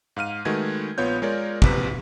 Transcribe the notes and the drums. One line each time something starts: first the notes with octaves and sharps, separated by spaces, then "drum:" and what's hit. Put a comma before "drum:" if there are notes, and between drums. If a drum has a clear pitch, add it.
G#2 F5 F6 D#7
D#3 G#3 A3 F#4 B4 G#6
A#1 B3 F4 C#5 G6
G#3 F4 A#4 C#5 D5
A#1 E2 C3 B4 B6, drum: kick